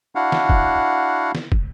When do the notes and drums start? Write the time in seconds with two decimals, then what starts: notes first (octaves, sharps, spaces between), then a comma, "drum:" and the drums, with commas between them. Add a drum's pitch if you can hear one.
0.15 D4 E4 F#4 F5 F#5
0.32 drum: snare
0.49 drum: kick
1.35 drum: snare
1.52 drum: kick